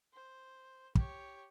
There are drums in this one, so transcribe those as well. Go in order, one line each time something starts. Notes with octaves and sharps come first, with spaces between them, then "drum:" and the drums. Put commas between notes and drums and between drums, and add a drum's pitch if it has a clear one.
C5
G4 C#5, drum: kick